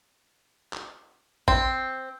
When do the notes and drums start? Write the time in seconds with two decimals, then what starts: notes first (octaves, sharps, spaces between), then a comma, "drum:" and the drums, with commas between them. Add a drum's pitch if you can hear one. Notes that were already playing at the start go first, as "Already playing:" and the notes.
0.73 drum: clap
1.48 C4, drum: kick A1